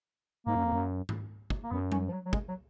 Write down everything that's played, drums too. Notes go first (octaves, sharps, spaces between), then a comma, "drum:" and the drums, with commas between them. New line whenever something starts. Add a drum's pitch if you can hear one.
G#2 A#3
F#2
F2
F#2
drum: tom G#2
drum: kick
A#3
F#2 B3
C#4, drum: tom G3
F3
F#3
F#3
G#3, drum: kick
F#3